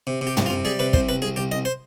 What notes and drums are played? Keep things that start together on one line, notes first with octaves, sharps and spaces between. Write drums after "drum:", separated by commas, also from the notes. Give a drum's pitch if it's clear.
C3
C3
G4
C2, drum: tom
F4
C3
G3 G#4
C3 B4
C2 C5, drum: kick
C2 B4
C2 G#4
C2 G4
C2 D#5
C5